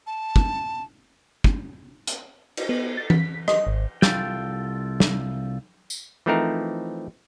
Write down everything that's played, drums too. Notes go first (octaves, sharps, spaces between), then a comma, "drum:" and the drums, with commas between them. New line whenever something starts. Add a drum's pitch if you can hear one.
A5
drum: kick
drum: kick
drum: hi-hat
drum: cymbal
B3
A6
B6, drum: tom E3
D#5, drum: rim click
G#1
C2 C#3 F4 A4 G5, drum: snare
drum: snare
drum: tambourine
E3 F3 A3 C4 D#4 A#4